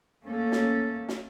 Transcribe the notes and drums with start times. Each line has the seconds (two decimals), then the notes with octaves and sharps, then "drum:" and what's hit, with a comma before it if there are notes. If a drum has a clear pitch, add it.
0.24 A3 A#3 C#4 A4
0.52 drum: snare
1.09 drum: snare